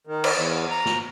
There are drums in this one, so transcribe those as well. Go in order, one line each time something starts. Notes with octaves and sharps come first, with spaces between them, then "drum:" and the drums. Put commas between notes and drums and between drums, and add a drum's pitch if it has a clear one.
D#3
drum: cymbal
E2
A#5
drum: snare